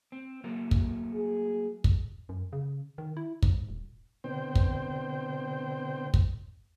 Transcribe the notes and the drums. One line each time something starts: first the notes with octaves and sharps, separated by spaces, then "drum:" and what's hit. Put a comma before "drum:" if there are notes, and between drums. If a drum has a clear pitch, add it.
C4
F#3 A3 A#3
drum: kick
G#4
drum: kick
F#2
C#3
D#3
E4
G#2, drum: kick
D#1
B2 D3 C4 C5 G5
drum: kick
drum: kick